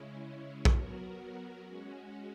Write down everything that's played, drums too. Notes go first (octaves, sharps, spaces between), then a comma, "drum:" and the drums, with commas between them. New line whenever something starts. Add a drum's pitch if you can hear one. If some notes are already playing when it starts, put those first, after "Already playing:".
Already playing: C#3 G#3 C#4 E4
F#3 B3 F#4 A#4, drum: kick
G#3 C#4 F#4